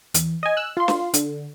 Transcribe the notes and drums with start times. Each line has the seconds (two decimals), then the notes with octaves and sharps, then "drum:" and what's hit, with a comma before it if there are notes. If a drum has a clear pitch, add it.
0.14 E2, drum: hi-hat
0.43 D#5 G#5
0.57 E6 F#6
0.77 F4 C6
0.88 drum: snare
1.14 D3, drum: hi-hat